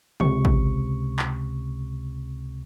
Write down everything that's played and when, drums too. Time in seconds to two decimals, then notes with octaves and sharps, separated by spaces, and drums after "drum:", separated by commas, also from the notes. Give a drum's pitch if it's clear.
0.20 C#2 C3 C#6, drum: tom
0.45 drum: kick A1
1.19 drum: clap